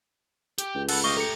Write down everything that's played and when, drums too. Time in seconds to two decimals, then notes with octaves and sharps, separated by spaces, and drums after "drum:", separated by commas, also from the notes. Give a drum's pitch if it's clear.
0.58 G4, drum: hi-hat
0.75 C#2
0.89 G#3 A4 F#5 B5, drum: cymbal
1.04 A3 G4 D#5 F5 C#6 G7
1.17 A4 A#5 C#7